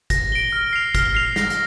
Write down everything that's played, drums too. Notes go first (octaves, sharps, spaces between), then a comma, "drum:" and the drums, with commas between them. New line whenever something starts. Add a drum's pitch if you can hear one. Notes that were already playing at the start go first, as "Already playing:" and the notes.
A#6, drum: kick, hi-hat
D7 G7
F6
C7 F7
F6, drum: kick, hi-hat
C7 F7
A#6, drum: snare
drum: hi-hat